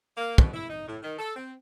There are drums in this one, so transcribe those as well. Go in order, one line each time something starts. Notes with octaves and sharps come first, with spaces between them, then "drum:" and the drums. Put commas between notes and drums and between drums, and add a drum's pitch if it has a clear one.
A#3
B2, drum: kick
E4
D#4
A2
D#3
A4
C4